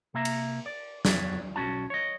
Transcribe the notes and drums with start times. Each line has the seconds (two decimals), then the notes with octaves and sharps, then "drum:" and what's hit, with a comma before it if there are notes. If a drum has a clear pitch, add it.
0.14 C3 A#3 E5 A#5
0.25 drum: cymbal
0.66 D5
1.05 F2 F#3 B3 D4, drum: snare
1.56 B1 F2 C#4 F#4 A5
1.90 C#5 D#5